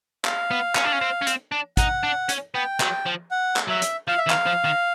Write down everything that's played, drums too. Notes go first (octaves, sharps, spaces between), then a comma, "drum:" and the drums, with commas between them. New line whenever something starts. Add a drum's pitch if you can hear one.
F5, drum: clap
B3
C#4, drum: clap
D4
C#4
C4
C#4
C4, drum: hi-hat
D4
D#4 F#5, drum: kick, hi-hat
D4
C#4, drum: hi-hat
B3 G5
F#3, drum: clap
F3
F#5
drum: clap
F#3 E5
drum: hi-hat
F3 F5
E5
E3
F5, drum: clap
F3
D#3